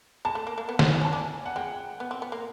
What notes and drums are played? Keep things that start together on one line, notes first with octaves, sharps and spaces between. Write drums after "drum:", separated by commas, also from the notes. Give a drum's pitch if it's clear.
G#3 A5
A3
A#3
A#3
B3
C4, drum: snare
C#4
C#4 A5
D4 G#5
F#5
G#3 G5
B3
C4
B3
A#3